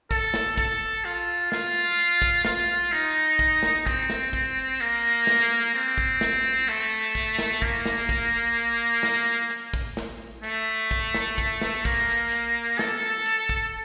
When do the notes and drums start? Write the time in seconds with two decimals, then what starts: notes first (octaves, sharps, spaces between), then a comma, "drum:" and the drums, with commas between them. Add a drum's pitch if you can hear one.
0.11 A4, drum: kick, hi-hat
0.34 drum: snare
0.58 A4, drum: kick, hi-hat
1.05 F4, drum: hi-hat
1.52 F4, drum: snare
1.98 drum: hi-hat
2.22 drum: kick
2.45 F4, drum: snare
2.92 D#4, drum: hi-hat
3.39 drum: kick
3.63 drum: snare
3.87 C4, drum: kick, hi-hat
4.10 drum: snare
4.33 drum: kick, hi-hat
4.81 A#3, drum: hi-hat
5.27 drum: snare
5.74 C4
5.98 drum: kick
6.21 drum: snare
6.69 A3, drum: hi-hat
7.15 drum: kick, hi-hat
7.39 drum: snare
7.62 A#3, drum: kick, hi-hat
7.86 drum: snare
8.09 drum: kick, hi-hat
8.56 drum: hi-hat
9.03 drum: snare
9.50 drum: hi-hat
9.74 drum: kick
9.97 drum: snare
10.44 A3, drum: hi-hat
10.91 drum: kick, hi-hat
11.14 drum: snare
11.38 drum: kick, hi-hat
11.61 drum: snare
11.85 A#3, drum: kick, hi-hat
12.32 drum: hi-hat
12.79 A4, drum: snare
13.26 drum: hi-hat
13.49 drum: kick